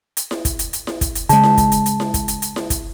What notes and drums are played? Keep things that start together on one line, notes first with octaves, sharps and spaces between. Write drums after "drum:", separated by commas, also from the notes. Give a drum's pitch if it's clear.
drum: hi-hat
drum: snare E4
drum: kick, hi-hat
drum: hi-hat
drum: hi-hat
drum: snare E4
drum: kick, hi-hat
drum: hi-hat
C#3 G#3 A5, drum: hi-hat
drum: snare E4
drum: kick, hi-hat
drum: hi-hat
drum: hi-hat
drum: snare E4
drum: kick, hi-hat
drum: hi-hat
drum: hi-hat
drum: snare E4
drum: kick, hi-hat